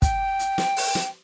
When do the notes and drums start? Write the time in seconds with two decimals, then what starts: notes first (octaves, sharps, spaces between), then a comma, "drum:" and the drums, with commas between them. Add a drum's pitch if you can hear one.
0.02 G5, drum: kick, hi-hat
0.39 drum: hi-hat
0.58 drum: snare
0.77 drum: open hi-hat
0.95 drum: snare